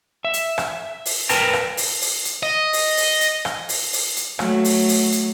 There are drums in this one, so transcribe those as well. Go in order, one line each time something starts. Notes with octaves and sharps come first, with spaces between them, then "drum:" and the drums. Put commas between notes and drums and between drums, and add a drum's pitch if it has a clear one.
E5
drum: hi-hat
drum: rim click
drum: open hi-hat
A#4 B4 G5 A5 A#5, drum: hi-hat
drum: rim click
drum: open hi-hat
drum: open hi-hat
drum: hi-hat
D#5
drum: open hi-hat
drum: open hi-hat
drum: hi-hat
drum: rim click
drum: open hi-hat
drum: open hi-hat
drum: hi-hat
F#3 A3, drum: rim click
drum: open hi-hat
drum: open hi-hat
drum: hi-hat